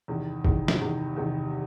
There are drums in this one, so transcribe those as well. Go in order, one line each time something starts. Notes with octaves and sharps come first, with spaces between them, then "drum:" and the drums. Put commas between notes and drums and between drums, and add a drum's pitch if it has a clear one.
E2 C3 D#3
E2 C3 D#3, drum: kick
drum: snare
E2 C3 D#3
E2 C3 D#3